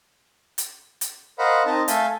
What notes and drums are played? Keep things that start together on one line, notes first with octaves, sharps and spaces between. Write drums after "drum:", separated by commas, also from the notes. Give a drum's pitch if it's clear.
drum: hi-hat
drum: hi-hat
A#4 C5 D#5 F5 F#5 B5
C4 D#4 A#4 D#5 A5
A3 A4 E5 F5 G#5 G6, drum: hi-hat